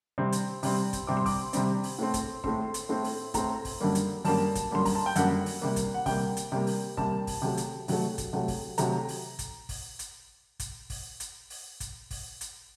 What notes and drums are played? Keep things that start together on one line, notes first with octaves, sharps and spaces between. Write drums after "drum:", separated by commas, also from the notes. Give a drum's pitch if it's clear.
C3 G3 C4
drum: hi-hat
C3 G3 C4, drum: open hi-hat
drum: kick, hi-hat
C3 G3 C4 D6
C6
D6, drum: kick, open hi-hat
C3 G3 C4, drum: hi-hat
drum: open hi-hat
A2 A3 C4
drum: kick, hi-hat
A2 A3 C4 C6, drum: kick
drum: hi-hat
A2 A3 C4
drum: open hi-hat
A2 A3 C4 A#5, drum: kick, hi-hat
drum: kick, open hi-hat
F#2 D3 G3 A#3
drum: hi-hat
F#2 D3 G3 A#3 A5, drum: open hi-hat
drum: kick, hi-hat
F#2 D3 G3 A#3 C6
A#5, drum: kick, open hi-hat
A5
G5
F#2 D3 G3 A#3 F#5, drum: hi-hat
drum: open hi-hat
C3 G3 A#3
drum: kick, hi-hat
F#5
C3 G3 A#3 G5, drum: kick, open hi-hat
drum: hi-hat
C3 G3 A#3
drum: open hi-hat
C3 G3 A#3 A5, drum: kick
drum: kick, open hi-hat
C3 F#3 A3
drum: hi-hat
C3 F#3 A3, drum: open hi-hat
drum: kick, hi-hat
C3 F#3 A3
drum: kick, open hi-hat
C3 F#3 A3 A#5, drum: hi-hat
drum: open hi-hat
drum: kick, hi-hat
drum: kick, open hi-hat
drum: hi-hat
drum: kick, hi-hat
drum: kick, open hi-hat
drum: hi-hat
drum: open hi-hat
drum: kick, hi-hat
drum: kick, open hi-hat
drum: hi-hat